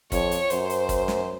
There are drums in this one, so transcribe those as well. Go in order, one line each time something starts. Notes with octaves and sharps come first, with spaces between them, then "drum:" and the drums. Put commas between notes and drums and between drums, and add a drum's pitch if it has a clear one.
F2 C#5, drum: kick, hi-hat
drum: hi-hat
F#2 C5, drum: hi-hat
drum: hi-hat
drum: kick, hi-hat
drum: snare